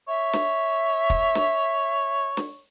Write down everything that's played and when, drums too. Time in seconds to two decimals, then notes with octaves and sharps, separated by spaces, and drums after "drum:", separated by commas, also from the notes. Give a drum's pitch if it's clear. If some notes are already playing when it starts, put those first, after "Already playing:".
0.08 C#5 E5
0.33 drum: snare
1.10 drum: kick
1.35 drum: snare
2.37 drum: snare